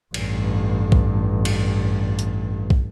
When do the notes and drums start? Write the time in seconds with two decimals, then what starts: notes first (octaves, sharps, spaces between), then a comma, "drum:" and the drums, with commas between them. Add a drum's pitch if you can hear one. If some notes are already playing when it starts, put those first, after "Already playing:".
0.14 A1 G2, drum: cymbal
0.92 drum: kick
1.45 drum: cymbal
2.19 drum: hi-hat
2.70 drum: kick